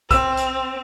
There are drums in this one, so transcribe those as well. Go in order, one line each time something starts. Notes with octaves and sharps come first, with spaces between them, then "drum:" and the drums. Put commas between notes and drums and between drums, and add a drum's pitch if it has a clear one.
C4 E6, drum: kick B1, hi-hat
drum: hi-hat